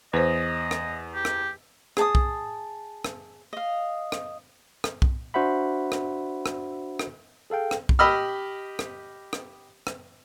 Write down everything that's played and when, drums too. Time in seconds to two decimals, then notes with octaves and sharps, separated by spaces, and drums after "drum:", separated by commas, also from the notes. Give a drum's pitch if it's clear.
0.13 E2 B4 C5 D#5
0.71 drum: rim click
1.15 G4
1.25 drum: rim click
1.97 G#4 A5 D#6, drum: rim click
2.15 drum: kick B1
3.05 drum: rim click
3.53 D#5 F5
4.12 drum: rim click
4.84 drum: rim click
5.02 drum: kick B1
5.34 D4 F#4 C5 E5 F#5 B5
5.92 drum: rim click
6.46 drum: rim click
6.99 drum: rim click
7.50 G#4 A4 F5 G5
7.71 drum: rim click
7.89 drum: kick B1
7.99 G4 D#5 B5 E6 F6
8.79 drum: rim click
9.33 drum: rim click
9.87 drum: rim click